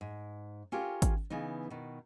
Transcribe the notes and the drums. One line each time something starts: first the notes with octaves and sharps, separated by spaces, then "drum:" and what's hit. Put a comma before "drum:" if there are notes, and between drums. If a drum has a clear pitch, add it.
G#2
C#4 F4 G4 A4 A#4
drum: kick G#1, hi-hat
C#3 E3 B3 D#4
B2 D#3